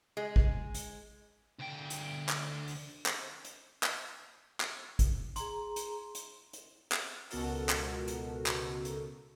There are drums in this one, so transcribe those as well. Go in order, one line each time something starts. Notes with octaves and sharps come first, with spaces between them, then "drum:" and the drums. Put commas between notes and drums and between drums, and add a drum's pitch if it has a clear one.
G#3
drum: kick
drum: hi-hat
D2 G5
drum: hi-hat
drum: clap
drum: open hi-hat
drum: clap
drum: hi-hat
drum: clap
drum: clap
drum: kick, hi-hat
G#4 A#5 C6, drum: hi-hat
drum: hi-hat
drum: hi-hat
drum: hi-hat
drum: clap
C#2 B2 F#4 A4 A#4, drum: open hi-hat
drum: clap
drum: hi-hat
drum: clap
drum: hi-hat